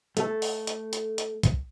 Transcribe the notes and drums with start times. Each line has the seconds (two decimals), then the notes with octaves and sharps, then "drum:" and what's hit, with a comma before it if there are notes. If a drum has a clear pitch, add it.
0.17 A3 A4, drum: hi-hat
0.42 drum: open hi-hat
0.67 drum: hi-hat
0.93 drum: hi-hat
1.18 drum: hi-hat
1.43 drum: kick, hi-hat